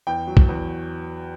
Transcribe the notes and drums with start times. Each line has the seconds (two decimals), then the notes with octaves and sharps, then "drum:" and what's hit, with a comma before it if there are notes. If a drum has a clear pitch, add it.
0.07 E2 G5
0.27 F#3
0.37 drum: kick A#1
0.49 E2